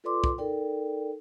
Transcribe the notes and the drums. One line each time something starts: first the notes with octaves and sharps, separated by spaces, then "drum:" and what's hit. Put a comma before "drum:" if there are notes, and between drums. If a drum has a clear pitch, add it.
F4 A4 B4 D5 C6 D6
drum: kick
D#4 A4 A#4 D5 G5